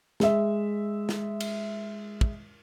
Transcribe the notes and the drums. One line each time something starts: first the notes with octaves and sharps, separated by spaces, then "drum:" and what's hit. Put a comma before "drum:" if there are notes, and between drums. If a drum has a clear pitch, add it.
G#3 E5, drum: snare
drum: snare
drum: cymbal
drum: kick